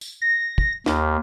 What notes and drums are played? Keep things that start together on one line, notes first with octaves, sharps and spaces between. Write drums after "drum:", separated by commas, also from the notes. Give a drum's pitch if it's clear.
drum: tambourine
A#6
drum: kick
D#2, drum: snare